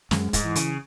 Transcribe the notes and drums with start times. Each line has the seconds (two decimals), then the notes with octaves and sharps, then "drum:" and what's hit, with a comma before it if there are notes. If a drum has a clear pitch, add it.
0.11 F#2 G#3, drum: snare
0.33 G#2, drum: kick, hi-hat
0.44 E3
0.55 C#3, drum: hi-hat